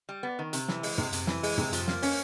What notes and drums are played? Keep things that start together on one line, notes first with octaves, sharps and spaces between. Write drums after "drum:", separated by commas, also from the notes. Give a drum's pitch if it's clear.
G3
B3
D#3
C3, drum: hi-hat
E3, drum: snare
G#3, drum: open hi-hat
C3, drum: tom
C3, drum: hi-hat
E3, drum: snare
G#3, drum: open hi-hat
C3, drum: tom
F3, drum: hi-hat
A#3, drum: snare
C#4, drum: open hi-hat